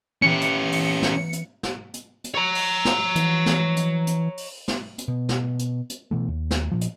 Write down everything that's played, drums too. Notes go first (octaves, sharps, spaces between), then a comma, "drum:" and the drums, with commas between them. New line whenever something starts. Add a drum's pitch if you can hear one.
E3 B3 C#4 G4 C#7
drum: hi-hat
drum: open hi-hat
drum: snare
drum: hi-hat
drum: snare
drum: hi-hat
drum: hi-hat
C#5 A#5
drum: open hi-hat
drum: snare
E3, drum: hi-hat
drum: snare
drum: hi-hat
drum: hi-hat
drum: open hi-hat
drum: snare
drum: hi-hat
B2
drum: snare
drum: hi-hat
drum: hi-hat
B2 E3 A3
D#2
drum: snare
A#2 F3
drum: hi-hat